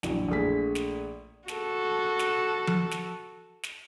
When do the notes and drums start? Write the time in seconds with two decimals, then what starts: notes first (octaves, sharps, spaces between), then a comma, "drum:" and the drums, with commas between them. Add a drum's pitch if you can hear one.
0.03 A#1 E3 F#3, drum: snare
0.29 A#1 A3 G#4 B6
0.75 drum: snare
1.48 F#4 A4, drum: snare
2.19 drum: snare
2.67 drum: tom F3
2.91 drum: snare
3.63 drum: snare